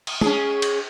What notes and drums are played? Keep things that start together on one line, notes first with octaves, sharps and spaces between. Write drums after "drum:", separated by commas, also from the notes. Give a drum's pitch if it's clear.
drum: cymbal
C#4 G#4, drum: tom
drum: cymbal